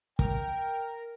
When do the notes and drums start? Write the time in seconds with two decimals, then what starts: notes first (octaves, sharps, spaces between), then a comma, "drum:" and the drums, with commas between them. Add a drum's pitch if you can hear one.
0.19 A#4 G5, drum: kick